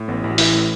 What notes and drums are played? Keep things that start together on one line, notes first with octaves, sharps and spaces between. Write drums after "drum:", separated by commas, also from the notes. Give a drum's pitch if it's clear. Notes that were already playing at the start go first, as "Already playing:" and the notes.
Already playing: A2
A1 B3
A1 E4
F#4
E3 E4, drum: open hi-hat
A2